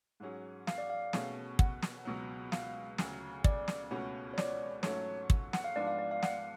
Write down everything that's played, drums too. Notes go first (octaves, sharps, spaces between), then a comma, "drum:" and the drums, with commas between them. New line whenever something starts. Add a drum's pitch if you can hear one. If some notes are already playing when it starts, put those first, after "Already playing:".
G#2 F#3 C#4 G#4
F5, drum: snare
D5
F5
B2 A3 C#4 G#4, drum: snare
F#5, drum: kick
drum: snare
C#2 B2 F#3
F5, drum: snare
D2 C#3 F#3, drum: snare
D5, drum: kick
drum: snare
C#2 B2 A3 C#4 F#4
C#5
D5, drum: snare
G#2 F#3 A3 C#4 C#5, drum: snare
drum: kick
F#5, drum: snare
F5
G#2 F3 G#3 B3 D4 D5
F5
D5
F5
F#5, drum: snare